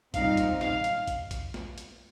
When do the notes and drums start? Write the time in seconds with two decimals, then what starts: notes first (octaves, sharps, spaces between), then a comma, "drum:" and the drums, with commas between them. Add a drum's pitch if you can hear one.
0.14 A#2 G3 C4 D#4 F5, drum: kick A#1, hi-hat
0.37 drum: kick A#1, hi-hat
0.61 F5, drum: snare
0.84 drum: hi-hat
1.07 drum: kick A#1, hi-hat
1.31 drum: kick A#1, hi-hat
1.54 drum: snare
1.78 drum: hi-hat